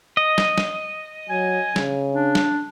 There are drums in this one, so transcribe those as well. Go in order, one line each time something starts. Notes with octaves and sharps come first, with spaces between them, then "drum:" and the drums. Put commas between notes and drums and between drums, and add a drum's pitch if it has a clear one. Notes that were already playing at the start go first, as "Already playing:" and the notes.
D#5
drum: snare
drum: snare
F#3 G#5
C#3, drum: snare
D4
drum: snare